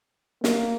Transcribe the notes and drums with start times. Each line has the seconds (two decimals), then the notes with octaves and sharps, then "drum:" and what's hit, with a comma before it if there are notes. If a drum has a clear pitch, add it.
0.44 A#3, drum: snare